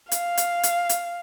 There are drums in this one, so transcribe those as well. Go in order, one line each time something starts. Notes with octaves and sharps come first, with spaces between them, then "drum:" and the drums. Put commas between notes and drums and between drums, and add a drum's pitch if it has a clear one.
F5, drum: hi-hat
drum: hi-hat
drum: hi-hat
drum: hi-hat